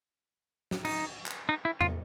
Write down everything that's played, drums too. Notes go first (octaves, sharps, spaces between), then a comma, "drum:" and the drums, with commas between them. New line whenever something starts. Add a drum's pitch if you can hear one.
drum: snare
D#4, drum: cymbal
drum: clap
D#4
E4
F4, drum: tom E2